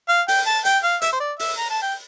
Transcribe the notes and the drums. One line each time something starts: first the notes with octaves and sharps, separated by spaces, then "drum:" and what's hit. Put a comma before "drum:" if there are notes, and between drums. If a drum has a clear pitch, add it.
F5
G5, drum: open hi-hat
A5
G5, drum: hi-hat
F5
E5, drum: hi-hat
C5
D5
E5, drum: open hi-hat
A#5
A5
G5